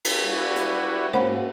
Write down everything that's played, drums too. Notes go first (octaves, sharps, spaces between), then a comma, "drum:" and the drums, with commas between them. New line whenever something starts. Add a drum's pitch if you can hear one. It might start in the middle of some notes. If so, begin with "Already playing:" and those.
drum: cymbal
G3 E4 F#4
drum: hi-hat
G#2 A#3 C#4 F#4 C5 F#5 B5